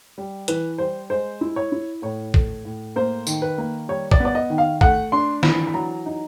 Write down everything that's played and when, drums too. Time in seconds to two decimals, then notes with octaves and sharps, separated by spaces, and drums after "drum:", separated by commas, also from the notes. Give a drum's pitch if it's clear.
0.18 G3
0.48 E3 B4, drum: hi-hat
0.78 G3 C5
1.10 G#3 C5
1.41 E4
1.56 C#5
1.72 E4
2.02 A2 C#5
2.34 A3, drum: kick G#1
2.65 A2
2.96 A#3 C5
3.27 D#3, drum: tambourine
3.42 B4
3.58 A#3
3.89 G3 C#5
4.11 D5, drum: kick G#1
4.20 B3
4.25 D5
4.35 D#5
4.50 D#3
4.58 F5
4.81 A3 F#5, drum: kick G#1
5.12 D4 C6
5.43 E3 B5, drum: snare
5.67 B5
5.74 F#3 A#5
6.06 D#4